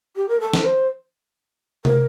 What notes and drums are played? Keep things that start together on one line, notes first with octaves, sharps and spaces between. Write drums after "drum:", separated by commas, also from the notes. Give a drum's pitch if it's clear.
G4
A#4
A4
drum: snare
C5
A#4, drum: tom C3